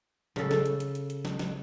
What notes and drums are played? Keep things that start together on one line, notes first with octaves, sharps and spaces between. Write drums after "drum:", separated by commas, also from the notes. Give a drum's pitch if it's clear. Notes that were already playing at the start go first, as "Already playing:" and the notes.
C#3 A4, drum: snare
drum: snare
drum: hi-hat
drum: hi-hat
drum: hi-hat
drum: hi-hat
drum: snare
drum: snare